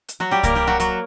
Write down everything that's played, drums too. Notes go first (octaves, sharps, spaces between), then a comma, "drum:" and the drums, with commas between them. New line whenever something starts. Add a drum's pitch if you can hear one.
drum: hi-hat
F#3 F#4
G3 G4
A#3 A#4, drum: kick C2, hi-hat
G3 G4
F#3 F#4
F#3 F#4, drum: hi-hat